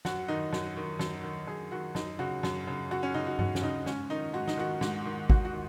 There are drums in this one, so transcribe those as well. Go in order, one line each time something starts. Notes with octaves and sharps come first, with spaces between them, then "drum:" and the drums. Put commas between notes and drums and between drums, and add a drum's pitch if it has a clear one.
F#2 F#4, drum: snare
D#3 D#4
F#2, drum: snare
D#3
F#2, drum: snare
D#3
F#2 G#4
D#3 F#4
F#2 D#4, drum: snare
C#3 F#4
F#2, drum: snare
C#3
F#2 F#4
C#4
C#3 D#4
F#4
F#2 F#4, drum: tom G2
C#4, drum: snare
C#3 D#4
G#2 C#4, drum: snare
D#3 D#4
G#2 F#4
D#4, drum: snare
D#3 F#4
G#2, drum: snare
D#3
G#2 F#4, drum: kick
F#4
D#3